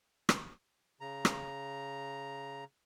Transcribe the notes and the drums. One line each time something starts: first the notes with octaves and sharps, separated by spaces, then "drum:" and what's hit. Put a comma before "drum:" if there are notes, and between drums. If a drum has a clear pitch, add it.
drum: rim click
C#3 A#5
drum: rim click